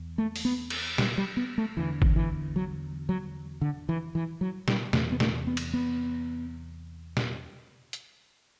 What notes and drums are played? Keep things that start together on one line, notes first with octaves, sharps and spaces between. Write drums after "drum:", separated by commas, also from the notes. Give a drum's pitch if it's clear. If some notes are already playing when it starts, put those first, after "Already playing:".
Already playing: E2
A3
drum: open hi-hat
B3
drum: cymbal
G3, drum: snare
G3
B3
A3
E2 D3 E3
drum: kick G#1
E3
F#3
F#3
D3
E3
E3
F#3
G3, drum: snare
E2 C3 A3, drum: snare
B3
A3, drum: snare
B3
drum: cymbal
B3
drum: snare
drum: hi-hat